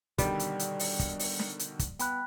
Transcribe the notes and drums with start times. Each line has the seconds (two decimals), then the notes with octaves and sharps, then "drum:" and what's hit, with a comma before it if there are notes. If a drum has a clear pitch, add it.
0.18 B2 D3 D#3 G3, drum: kick, hi-hat
0.39 drum: hi-hat
0.59 drum: hi-hat
0.79 drum: open hi-hat
0.99 drum: kick, hi-hat
1.19 drum: open hi-hat
1.39 drum: snare
1.59 drum: hi-hat
1.79 drum: kick, hi-hat
1.99 B3 G5 B5 F#6, drum: hi-hat